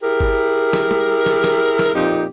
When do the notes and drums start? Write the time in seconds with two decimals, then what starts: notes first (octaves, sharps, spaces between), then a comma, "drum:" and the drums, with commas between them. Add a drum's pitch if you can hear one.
0.03 E4 G4 G#4 A#4
0.20 drum: kick G1
0.73 drum: snare
0.91 drum: tom
1.26 drum: snare
1.44 drum: snare
1.79 drum: snare
1.94 F2 A#2 C4 D#4 G4